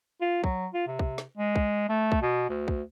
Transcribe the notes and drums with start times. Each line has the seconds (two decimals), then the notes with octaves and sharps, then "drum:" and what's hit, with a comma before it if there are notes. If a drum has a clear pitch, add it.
0.21 F4
0.44 F#3, drum: kick
0.74 F4
0.88 C3
0.99 drum: kick
1.18 drum: snare
1.37 G#3
1.56 drum: kick
1.89 A3
2.12 drum: kick
2.22 B2
2.49 D2
2.68 drum: kick